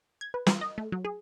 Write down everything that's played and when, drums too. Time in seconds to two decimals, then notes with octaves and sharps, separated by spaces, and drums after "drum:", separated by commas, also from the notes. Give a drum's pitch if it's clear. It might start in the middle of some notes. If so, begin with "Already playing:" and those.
0.21 G#6
0.34 B4
0.47 F4, drum: snare
0.61 D#5
0.78 A3
0.92 F#3
1.05 G#4